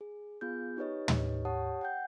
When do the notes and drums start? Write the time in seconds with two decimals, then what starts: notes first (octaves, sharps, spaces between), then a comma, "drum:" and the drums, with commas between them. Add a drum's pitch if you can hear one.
0.01 G#4
0.41 B3 F4 G#4 G6
0.77 D#4 G4 B4 C#5 D#5
1.08 drum: tom
1.45 G4 C#5 F#5 A5 D#6
1.81 F#5 G5 G6